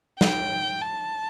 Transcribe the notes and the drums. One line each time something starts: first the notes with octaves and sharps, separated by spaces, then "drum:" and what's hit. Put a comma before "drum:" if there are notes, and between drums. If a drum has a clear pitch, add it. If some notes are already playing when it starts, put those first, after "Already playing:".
G5, drum: snare
A5